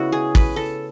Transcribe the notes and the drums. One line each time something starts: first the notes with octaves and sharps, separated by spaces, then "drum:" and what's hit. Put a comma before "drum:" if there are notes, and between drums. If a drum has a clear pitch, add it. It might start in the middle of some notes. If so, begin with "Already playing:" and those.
Already playing: C#3 G#3 B3 E4 F#4
G#4
B4, drum: kick
A4